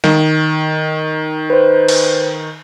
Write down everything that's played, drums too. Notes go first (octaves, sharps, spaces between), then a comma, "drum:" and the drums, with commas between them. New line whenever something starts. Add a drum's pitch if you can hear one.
D#3, drum: snare
B4 C5
drum: cymbal